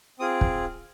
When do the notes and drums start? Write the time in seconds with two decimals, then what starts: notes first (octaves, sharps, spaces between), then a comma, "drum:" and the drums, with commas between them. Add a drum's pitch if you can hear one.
0.19 C4 F4 G#4 D#6
0.41 drum: kick